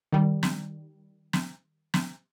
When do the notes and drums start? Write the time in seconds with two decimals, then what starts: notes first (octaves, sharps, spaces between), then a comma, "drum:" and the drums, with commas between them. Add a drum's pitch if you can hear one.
0.12 D#3 G3
0.43 drum: snare
1.33 drum: snare
1.94 drum: snare